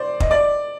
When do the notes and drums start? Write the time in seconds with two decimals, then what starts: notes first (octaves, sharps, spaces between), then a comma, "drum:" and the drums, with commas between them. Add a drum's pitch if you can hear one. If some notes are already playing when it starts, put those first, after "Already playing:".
Already playing: C5 D5
0.20 D#5, drum: kick
0.31 D5